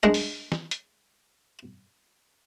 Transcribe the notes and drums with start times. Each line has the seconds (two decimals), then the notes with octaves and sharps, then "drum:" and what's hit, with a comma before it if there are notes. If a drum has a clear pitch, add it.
0.03 G#3 D4 A#4
0.14 drum: open hi-hat
0.52 drum: snare
0.71 drum: hi-hat